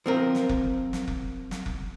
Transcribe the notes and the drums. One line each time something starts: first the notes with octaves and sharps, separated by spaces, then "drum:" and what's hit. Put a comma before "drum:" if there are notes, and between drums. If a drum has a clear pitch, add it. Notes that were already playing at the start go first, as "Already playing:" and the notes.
F3 C4 A#4
drum: snare
drum: kick F1
drum: snare
drum: kick F1
drum: snare
drum: kick F1